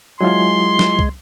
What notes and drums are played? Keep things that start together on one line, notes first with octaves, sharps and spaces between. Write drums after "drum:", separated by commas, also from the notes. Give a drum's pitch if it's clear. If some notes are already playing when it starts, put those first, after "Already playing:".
F#3 G#3 E4 F4 C6
drum: snare
drum: kick